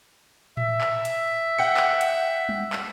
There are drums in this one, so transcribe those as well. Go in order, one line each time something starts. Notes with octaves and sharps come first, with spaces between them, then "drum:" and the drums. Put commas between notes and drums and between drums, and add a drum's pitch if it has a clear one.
E5, drum: tom A2
drum: clap
drum: hi-hat
F#5 G5 C#7
drum: clap
drum: hi-hat
drum: tom G3
drum: clap